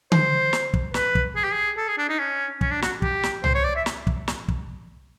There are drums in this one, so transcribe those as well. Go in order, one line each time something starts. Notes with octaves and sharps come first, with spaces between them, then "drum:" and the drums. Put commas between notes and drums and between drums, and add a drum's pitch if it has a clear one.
C5, drum: tom D3
drum: snare
drum: kick
B4, drum: snare
drum: kick
G#4
G4
G#4
A4
G#4
D4
D#4
C#4
C#4, drum: kick
D4
F#4, drum: snare
G4, drum: kick
drum: snare
C5, drum: tom C2
C#5
D5
E5
drum: snare
drum: kick
drum: snare
drum: kick